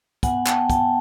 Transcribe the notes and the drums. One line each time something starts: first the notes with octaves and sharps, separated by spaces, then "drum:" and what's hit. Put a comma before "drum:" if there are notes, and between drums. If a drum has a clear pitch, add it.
B3 F#5 G#5, drum: kick, hi-hat
G5 A5, drum: clap
B3
G5 A5, drum: kick, hi-hat